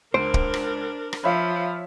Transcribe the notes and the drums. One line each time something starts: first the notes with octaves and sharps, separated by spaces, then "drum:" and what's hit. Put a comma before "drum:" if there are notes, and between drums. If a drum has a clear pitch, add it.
C#2 D4 A#4 C5 D7
drum: kick
drum: rim click
drum: rim click
F3 C#5 E5 F5 B5